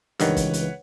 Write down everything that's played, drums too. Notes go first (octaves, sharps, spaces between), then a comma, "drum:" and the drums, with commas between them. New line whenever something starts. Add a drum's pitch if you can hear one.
C#2 G2 D#3 E3 B4 C#5 F#5, drum: hi-hat
drum: kick, hi-hat
drum: hi-hat